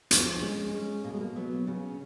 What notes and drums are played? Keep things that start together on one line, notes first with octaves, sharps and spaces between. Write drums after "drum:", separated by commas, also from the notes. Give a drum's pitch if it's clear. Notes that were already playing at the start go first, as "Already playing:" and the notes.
F3 B3, drum: hi-hat
G#3 C#4
G#3 C#4
B2 A#3
G#3
A#3
F#3 B3
C#3 C#4